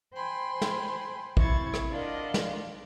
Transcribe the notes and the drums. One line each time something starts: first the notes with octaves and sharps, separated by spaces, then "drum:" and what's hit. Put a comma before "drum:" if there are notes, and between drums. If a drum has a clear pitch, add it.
C5 G5 G#5 B5 C6
drum: snare
C3 E4 C5 C#6 G#6 A6, drum: kick
drum: rim click
D4 F4 A#4 D5 D#5 F#5
drum: snare